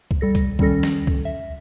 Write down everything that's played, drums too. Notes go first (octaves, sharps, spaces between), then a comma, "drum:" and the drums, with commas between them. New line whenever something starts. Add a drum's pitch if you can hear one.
drum: kick C2
G3 A4 A#6
drum: kick C2, hi-hat
D#3 G3 C#4 A4 A#6, drum: kick C2
drum: snare
drum: kick C2
E5